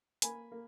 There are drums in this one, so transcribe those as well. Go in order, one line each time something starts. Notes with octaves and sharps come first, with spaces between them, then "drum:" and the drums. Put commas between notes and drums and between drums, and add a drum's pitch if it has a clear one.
A#3 G#5 B5, drum: hi-hat
A#3